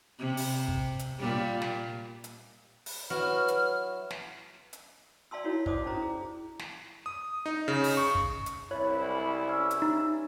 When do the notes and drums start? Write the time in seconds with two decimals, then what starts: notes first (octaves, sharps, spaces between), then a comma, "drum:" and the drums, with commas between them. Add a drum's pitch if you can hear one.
0.19 C3
0.37 drum: open hi-hat
0.68 drum: kick
0.99 drum: hi-hat
1.18 A#2 G3
1.62 drum: snare
2.24 drum: hi-hat
2.86 drum: open hi-hat
3.10 F#3 E4 F#4 B4 F6
3.48 drum: hi-hat
4.10 drum: snare
4.73 drum: hi-hat
5.31 D5 F5 A5 C6 E6
5.44 D#4 E4 F#4 A#4 C#5
5.66 C5 D5 F5 A5 D6 D#6, drum: kick
5.85 C#4 D4 E4 C5 A#5
6.02 G#4
6.59 drum: snare
7.06 D#6
7.46 D#4
7.68 C#3
7.84 drum: open hi-hat
7.97 C#6
8.15 drum: kick
8.46 drum: hi-hat
8.71 C2 E4 B4 C#5 A5 C#6
9.00 G3 G#3
9.48 C#4 E5
9.71 drum: hi-hat
9.82 D#4